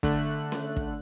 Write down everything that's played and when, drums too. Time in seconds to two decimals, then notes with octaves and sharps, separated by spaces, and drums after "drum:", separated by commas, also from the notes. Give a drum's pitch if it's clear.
0.03 D3 A3 F#6, drum: kick
0.52 drum: snare C#4
0.76 drum: kick